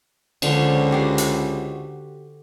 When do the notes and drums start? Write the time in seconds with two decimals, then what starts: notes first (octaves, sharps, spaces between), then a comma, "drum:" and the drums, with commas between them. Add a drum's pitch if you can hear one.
0.42 C#2 D3 F3 C#4, drum: cymbal
0.91 F#4 G4 C5
1.18 drum: hi-hat